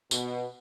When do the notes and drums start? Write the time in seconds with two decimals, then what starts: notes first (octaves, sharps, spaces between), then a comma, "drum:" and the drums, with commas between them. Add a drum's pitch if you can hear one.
0.11 B2, drum: tambourine